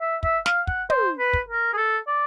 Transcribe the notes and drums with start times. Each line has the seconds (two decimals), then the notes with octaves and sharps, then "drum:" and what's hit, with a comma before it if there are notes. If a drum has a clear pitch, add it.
0.01 E5
0.23 E5, drum: kick
0.46 F5, drum: snare
0.67 F#5, drum: kick
0.90 C5, drum: tom
1.19 B4
1.33 drum: kick
1.49 A#4
1.73 G#4
1.77 A4
2.07 D5